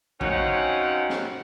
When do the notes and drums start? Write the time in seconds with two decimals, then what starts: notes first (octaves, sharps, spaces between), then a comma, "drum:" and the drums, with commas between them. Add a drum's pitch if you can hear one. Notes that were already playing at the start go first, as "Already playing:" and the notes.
0.21 F#2 C4 C#4 D#4 F5 F#5, drum: kick A1
1.09 drum: snare